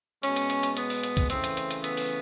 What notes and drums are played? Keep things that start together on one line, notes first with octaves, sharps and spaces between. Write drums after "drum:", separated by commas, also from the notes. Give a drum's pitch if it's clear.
B2 G#3 C#4, drum: hi-hat
drum: hi-hat
drum: hi-hat
drum: hi-hat
B3, drum: hi-hat
drum: open hi-hat
drum: hi-hat
drum: kick, hi-hat
C#3 E3 A3 C4, drum: hi-hat
drum: hi-hat
drum: hi-hat
drum: hi-hat
B3, drum: hi-hat
drum: open hi-hat